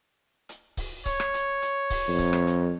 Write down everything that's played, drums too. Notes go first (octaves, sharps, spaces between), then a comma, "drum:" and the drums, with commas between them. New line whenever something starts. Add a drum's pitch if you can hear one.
drum: hi-hat
drum: kick C#1, open hi-hat
C#5, drum: kick C#1, hi-hat
drum: rim click
drum: hi-hat
drum: hi-hat
drum: kick C#1, open hi-hat
F2
drum: kick C#1, hi-hat
drum: rim click
drum: hi-hat